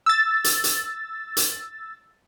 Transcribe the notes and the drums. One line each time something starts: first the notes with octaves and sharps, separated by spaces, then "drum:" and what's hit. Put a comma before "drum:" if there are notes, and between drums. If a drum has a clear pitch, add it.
E6 A6
drum: hi-hat
drum: hi-hat
drum: hi-hat